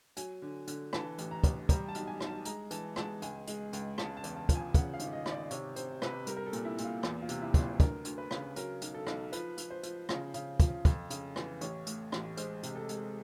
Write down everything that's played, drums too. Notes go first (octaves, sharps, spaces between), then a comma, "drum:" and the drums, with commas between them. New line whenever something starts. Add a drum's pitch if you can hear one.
F#3 G#5, drum: hi-hat
D3
D3, drum: hi-hat
E3 A5, drum: rim click
A1, drum: hi-hat
A#5
A1, drum: kick, hi-hat
G3 A#5, drum: kick, hi-hat
A5
B1, drum: hi-hat
G#5
B1, drum: rim click
A5
G#3 A#5, drum: hi-hat
E3 A5, drum: hi-hat
G#3 A5, drum: rim click
C#2 G#5, drum: hi-hat
G#3, drum: hi-hat
C#2, drum: hi-hat
C#3 A5, drum: rim click
A5
E2, drum: hi-hat
A5
F3, drum: kick, hi-hat
G#5
C#3 F#5, drum: kick, hi-hat
F5
G#1, drum: hi-hat
D#5
G#1, drum: rim click
D5
C3 C#5, drum: hi-hat
C3 C5, drum: hi-hat
C3 B4, drum: rim click
G3 A#4, drum: hi-hat
A#4
A4
A#2, drum: hi-hat
E4
A#2, drum: hi-hat
F4
E2, drum: rim click
F4
C3, drum: hi-hat
E4
F#1, drum: kick, hi-hat
F4
D2 A#4, drum: kick, hi-hat
D2, drum: hi-hat
B4
C#3, drum: rim click
F#3 A#4, drum: hi-hat
B1, drum: hi-hat
A4
B1, drum: rim click
F3 B4, drum: hi-hat
F3, drum: hi-hat
C5
F3, drum: hi-hat
C#3, drum: rim click
C#3, drum: hi-hat
F3, drum: kick, hi-hat
F2, drum: kick, hi-hat
C#3, drum: hi-hat
E3, drum: rim click
A1 C#5, drum: hi-hat
A2, drum: hi-hat
A1, drum: rim click
G#3 C5, drum: hi-hat
C3, drum: hi-hat
A4
G#3, drum: hi-hat